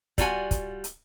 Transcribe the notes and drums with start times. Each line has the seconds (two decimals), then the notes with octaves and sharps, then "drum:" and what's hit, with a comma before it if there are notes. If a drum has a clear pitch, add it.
0.18 G3 F4 F#4 G#5, drum: kick, hi-hat
0.51 drum: kick, hi-hat
0.84 drum: hi-hat